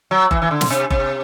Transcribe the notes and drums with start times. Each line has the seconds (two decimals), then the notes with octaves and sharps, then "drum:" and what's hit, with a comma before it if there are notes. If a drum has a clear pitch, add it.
0.11 F#3
0.31 E3, drum: kick F#1
0.42 E3
0.51 D3
0.61 drum: snare
0.71 C3
0.90 C3, drum: kick F#1